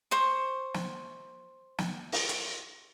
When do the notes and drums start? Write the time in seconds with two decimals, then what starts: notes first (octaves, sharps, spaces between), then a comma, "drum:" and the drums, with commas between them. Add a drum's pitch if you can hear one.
0.11 C5 C#6
0.74 drum: snare
1.78 drum: snare
2.12 drum: open hi-hat
2.29 drum: hi-hat